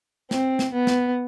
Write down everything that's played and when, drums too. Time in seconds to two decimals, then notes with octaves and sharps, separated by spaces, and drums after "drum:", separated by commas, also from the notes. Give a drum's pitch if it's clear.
0.31 C4, drum: snare
0.59 drum: snare
0.73 B3
0.87 drum: snare